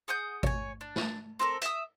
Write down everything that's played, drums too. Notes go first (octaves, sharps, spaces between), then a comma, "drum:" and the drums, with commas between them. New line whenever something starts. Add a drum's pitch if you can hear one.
G#4 F#5 D#6 G6
C#5 G#5, drum: kick G#1
D4
drum: snare
C4 F#4 A4 A#4
E5 D#6, drum: hi-hat